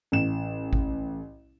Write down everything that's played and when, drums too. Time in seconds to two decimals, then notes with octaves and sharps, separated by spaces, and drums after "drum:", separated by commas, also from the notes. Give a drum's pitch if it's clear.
0.12 A1 E7
0.73 drum: kick G#1